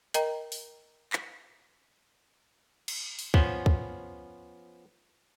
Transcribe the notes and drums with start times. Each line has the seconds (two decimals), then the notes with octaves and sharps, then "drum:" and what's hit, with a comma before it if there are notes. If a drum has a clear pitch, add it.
0.14 A#4 D#5 G5 A#5, drum: hi-hat
0.52 drum: open hi-hat
1.13 drum: clap
2.88 drum: cymbal
3.19 drum: open hi-hat
3.34 F3 B3 C#4 C5, drum: kick
3.66 drum: kick